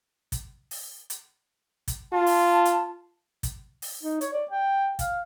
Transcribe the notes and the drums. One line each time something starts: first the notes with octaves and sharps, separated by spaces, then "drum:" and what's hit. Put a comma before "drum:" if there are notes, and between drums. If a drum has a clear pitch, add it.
drum: kick, hi-hat
drum: open hi-hat
drum: hi-hat
drum: kick, hi-hat
F4 A5
drum: open hi-hat
drum: hi-hat
drum: kick, hi-hat
drum: open hi-hat
D#4
C#5, drum: hi-hat
D5
G5
F5, drum: kick, hi-hat